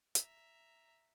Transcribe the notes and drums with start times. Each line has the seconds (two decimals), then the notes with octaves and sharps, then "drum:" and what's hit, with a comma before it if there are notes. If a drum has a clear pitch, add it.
0.15 E5 A#5, drum: hi-hat